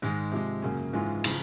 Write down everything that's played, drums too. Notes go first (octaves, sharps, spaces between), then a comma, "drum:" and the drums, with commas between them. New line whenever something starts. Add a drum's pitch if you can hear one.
G#2 D#3 G#3
C3 F3 G#3
F#2 C#3 F#3 A#3 C#4
G#2 E3 G#3 C#4 F4
C#3 F3, drum: cymbal